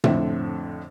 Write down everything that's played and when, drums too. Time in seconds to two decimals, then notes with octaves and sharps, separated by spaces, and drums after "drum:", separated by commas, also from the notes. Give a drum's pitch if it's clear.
0.04 F2 A2 D3 C4 E5, drum: tom